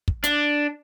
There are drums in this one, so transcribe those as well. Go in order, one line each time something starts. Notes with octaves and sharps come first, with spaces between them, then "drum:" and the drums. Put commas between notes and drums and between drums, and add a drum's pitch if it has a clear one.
drum: kick
D4, drum: hi-hat